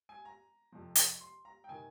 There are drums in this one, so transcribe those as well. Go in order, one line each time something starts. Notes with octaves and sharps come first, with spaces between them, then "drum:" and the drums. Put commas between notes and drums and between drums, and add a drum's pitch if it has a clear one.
G#5
A#5
F2 C3 F3
drum: hi-hat
C6
A#5
G5
C3 D#3 G#5